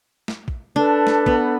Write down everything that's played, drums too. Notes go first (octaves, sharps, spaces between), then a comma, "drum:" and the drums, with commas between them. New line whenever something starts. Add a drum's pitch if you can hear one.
drum: snare
drum: kick
D4 A4 B4
drum: snare
B3, drum: kick